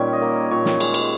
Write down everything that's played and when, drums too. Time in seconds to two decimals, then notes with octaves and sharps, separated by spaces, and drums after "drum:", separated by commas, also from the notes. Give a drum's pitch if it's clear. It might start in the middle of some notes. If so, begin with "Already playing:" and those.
Already playing: A#2 D#3 G3 C#4 C#5
0.13 D#5
0.22 A#3
0.51 A#2 C#5
0.65 drum: snare
0.80 G#3, drum: cymbal
0.94 drum: cymbal